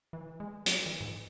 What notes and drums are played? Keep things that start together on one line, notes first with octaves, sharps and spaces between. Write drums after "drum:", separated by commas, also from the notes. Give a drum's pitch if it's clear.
E3
G#3
F#3, drum: hi-hat
E3
G#2